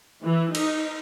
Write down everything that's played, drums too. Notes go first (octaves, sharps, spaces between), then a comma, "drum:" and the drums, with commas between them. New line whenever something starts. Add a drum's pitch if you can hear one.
E3
D#4, drum: cymbal